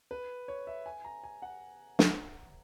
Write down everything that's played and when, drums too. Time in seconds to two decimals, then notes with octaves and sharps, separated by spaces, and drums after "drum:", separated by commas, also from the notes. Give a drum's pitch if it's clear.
0.11 B4
0.48 C#5
0.67 E5
0.86 G#5
1.04 A#5
1.23 G#5
1.42 F#5
1.99 drum: snare